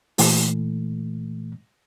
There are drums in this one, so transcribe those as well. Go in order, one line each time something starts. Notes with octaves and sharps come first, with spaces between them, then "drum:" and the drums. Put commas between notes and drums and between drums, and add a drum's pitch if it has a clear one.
A#2 E3 A3, drum: open hi-hat